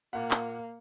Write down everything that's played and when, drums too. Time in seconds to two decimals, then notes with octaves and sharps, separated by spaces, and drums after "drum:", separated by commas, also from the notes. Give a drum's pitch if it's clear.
0.13 A#2 A#3 F#5
0.31 drum: clap